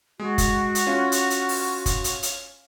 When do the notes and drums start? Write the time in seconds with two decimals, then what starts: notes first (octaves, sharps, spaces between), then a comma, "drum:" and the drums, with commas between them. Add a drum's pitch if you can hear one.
0.19 G#3 F#4
0.38 drum: kick, hi-hat
0.75 drum: hi-hat
0.87 C#4 F4
1.12 drum: hi-hat
1.30 drum: hi-hat
1.49 drum: open hi-hat
1.86 drum: kick, hi-hat
2.04 drum: hi-hat
2.23 drum: hi-hat